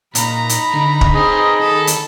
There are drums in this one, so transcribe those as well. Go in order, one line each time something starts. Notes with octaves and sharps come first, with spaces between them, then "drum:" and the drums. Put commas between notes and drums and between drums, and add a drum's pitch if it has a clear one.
A#2 D#4 A#5 B5, drum: hi-hat
drum: hi-hat
D3
drum: kick
C4 G#4 B4 D#5 A#5
D#3 A4
drum: hi-hat